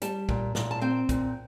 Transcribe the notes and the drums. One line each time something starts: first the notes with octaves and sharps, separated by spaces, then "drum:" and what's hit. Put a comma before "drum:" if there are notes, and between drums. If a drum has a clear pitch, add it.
G3 A5, drum: hi-hat
A#2, drum: kick
A#2, drum: snare
A5
C4 G5
A#2, drum: kick, hi-hat